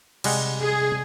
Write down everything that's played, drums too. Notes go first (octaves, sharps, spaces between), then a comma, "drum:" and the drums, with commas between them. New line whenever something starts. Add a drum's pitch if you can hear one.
C3 G3 G#3 F#5, drum: cymbal
G#4